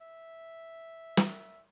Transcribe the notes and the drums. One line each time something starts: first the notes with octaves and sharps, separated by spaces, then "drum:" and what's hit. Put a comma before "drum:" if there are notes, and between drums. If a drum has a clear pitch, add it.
E5
drum: snare